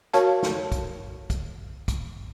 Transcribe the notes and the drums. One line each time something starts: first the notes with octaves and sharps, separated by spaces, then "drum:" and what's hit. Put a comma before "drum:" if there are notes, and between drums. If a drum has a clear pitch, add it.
F#4 A#4 C#5 F5 A5, drum: hi-hat
drum: snare
drum: kick, hi-hat
drum: kick, hi-hat
drum: kick, hi-hat